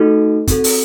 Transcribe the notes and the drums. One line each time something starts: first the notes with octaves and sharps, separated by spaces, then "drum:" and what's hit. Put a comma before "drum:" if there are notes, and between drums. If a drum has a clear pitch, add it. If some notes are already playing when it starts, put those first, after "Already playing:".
Already playing: A3 D#4 F#4 A4
C4 F#4 A4, drum: kick, hi-hat
drum: open hi-hat